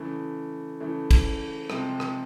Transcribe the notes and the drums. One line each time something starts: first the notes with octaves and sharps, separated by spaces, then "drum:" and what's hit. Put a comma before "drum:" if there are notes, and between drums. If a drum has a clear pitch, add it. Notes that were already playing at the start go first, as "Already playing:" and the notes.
Already playing: C#3 E3 A3
C#3 E3 A3
drum: kick, cymbal
C3 F3 G#3 C4, drum: rim click
drum: rim click